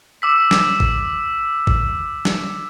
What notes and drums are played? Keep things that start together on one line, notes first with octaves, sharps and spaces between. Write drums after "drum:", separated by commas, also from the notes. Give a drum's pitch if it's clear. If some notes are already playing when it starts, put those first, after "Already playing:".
D6 E6 B6
drum: snare
drum: kick A1
drum: kick A1
drum: snare